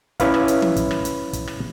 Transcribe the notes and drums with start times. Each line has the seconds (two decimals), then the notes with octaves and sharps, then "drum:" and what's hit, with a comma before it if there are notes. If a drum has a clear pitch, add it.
0.20 C#4 E4 B4 F5, drum: kick, hi-hat
0.34 drum: rim click
0.48 drum: hi-hat
0.62 drum: tom E3
0.76 drum: kick, hi-hat
0.91 drum: rim click
1.05 drum: hi-hat
1.33 drum: kick, hi-hat
1.48 drum: rim click